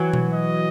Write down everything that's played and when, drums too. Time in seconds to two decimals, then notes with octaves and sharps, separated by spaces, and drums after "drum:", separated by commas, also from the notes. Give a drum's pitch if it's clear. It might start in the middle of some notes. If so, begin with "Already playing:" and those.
Already playing: E3 F#3
0.13 drum: tom B2
0.34 D#5